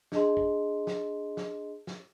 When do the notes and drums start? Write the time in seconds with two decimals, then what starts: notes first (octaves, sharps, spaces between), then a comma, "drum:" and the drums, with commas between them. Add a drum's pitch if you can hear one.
0.12 D4 G#4 D#5 A5 C6, drum: snare
0.37 drum: kick
0.87 drum: snare
1.37 drum: snare
1.87 drum: snare